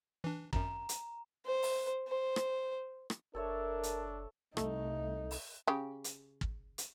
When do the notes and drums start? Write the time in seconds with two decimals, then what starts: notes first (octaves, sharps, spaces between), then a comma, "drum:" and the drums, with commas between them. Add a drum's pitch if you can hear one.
0.24 E3 D4
0.53 G#1 F#2 A#5, drum: kick
0.89 drum: hi-hat
1.45 C5
1.63 drum: open hi-hat
2.08 C5
2.36 drum: rim click
3.10 drum: rim click
3.35 F#1 D4 A4 A#4 C#5 E5
3.83 drum: hi-hat
4.57 C2 A3 D#4, drum: rim click
5.31 drum: open hi-hat
5.67 C#3 G4
6.04 drum: hi-hat
6.41 drum: kick
6.78 drum: hi-hat